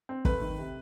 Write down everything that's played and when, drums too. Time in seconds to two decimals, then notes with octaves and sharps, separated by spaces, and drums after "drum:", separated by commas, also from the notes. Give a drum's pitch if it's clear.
0.09 C4
0.25 A3 B4, drum: kick
0.42 D#3
0.58 C3